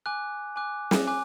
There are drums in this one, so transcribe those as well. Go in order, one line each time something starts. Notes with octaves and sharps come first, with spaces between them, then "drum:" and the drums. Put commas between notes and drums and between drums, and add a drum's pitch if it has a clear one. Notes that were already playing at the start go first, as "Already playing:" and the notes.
G#5 D6 F#6
G#5 D6 F#6
drum: snare
G#5 D6 F#6